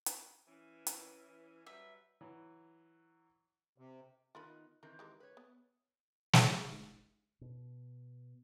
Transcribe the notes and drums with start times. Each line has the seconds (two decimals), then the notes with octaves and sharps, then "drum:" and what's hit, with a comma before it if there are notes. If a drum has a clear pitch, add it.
0.06 drum: hi-hat
0.48 E3 C#4
0.87 drum: hi-hat
1.66 F#3 G3 B4 E5
2.21 E3 F#3
3.78 C3
4.35 D#3 B3 D#4 F4 A#4 B5
4.83 D#3 E3 C4 A#4
4.99 G#3 G4 A#4
5.20 B4 C#5
5.37 B3
6.33 drum: snare
7.41 B2